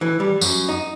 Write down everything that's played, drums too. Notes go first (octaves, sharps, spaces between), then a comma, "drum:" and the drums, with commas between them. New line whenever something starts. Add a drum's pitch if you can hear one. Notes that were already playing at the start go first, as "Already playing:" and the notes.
E3
G3
F#2, drum: tambourine
D#4